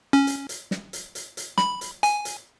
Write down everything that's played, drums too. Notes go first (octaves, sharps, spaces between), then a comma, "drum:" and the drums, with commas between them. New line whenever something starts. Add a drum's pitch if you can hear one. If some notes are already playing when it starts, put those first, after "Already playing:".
C#4
drum: hi-hat
drum: hi-hat
drum: snare
drum: hi-hat
drum: hi-hat
drum: hi-hat
B5, drum: snare
drum: hi-hat
G#5, drum: hi-hat
drum: hi-hat